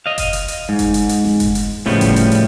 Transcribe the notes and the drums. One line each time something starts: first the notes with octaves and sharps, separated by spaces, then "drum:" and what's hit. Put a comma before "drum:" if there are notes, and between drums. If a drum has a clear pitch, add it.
D#5 F5
drum: kick F#1, hi-hat
drum: hi-hat
drum: hi-hat
G#2
drum: kick F#1, hi-hat
drum: hi-hat
drum: hi-hat
drum: snare
drum: kick F#1, hi-hat
drum: hi-hat
A2 C#3 F3 G3 B3, drum: snare
drum: kick F#1, hi-hat
drum: hi-hat
drum: hi-hat